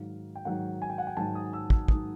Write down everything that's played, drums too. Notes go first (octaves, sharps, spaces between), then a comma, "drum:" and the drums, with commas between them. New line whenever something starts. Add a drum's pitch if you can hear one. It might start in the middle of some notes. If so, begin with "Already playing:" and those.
Already playing: G#2 D#3 F#3 F5
G5
G#2 D#3 F#3 F#5
G#5
G5
F#5
G5
G#2 D#3 F#3 A5
D#6
E6
E6, drum: kick
G#2 D#3 F#3 D#6, drum: kick